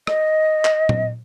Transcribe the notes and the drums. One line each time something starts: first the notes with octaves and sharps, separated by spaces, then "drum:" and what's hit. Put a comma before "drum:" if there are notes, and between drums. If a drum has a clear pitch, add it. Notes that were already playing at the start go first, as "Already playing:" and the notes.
D#5, drum: rim click
drum: clap
drum: tom A#2